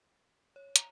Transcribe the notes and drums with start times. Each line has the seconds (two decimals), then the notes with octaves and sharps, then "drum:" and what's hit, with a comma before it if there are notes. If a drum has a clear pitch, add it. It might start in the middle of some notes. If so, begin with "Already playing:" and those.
0.56 C#5
0.76 A#5, drum: hi-hat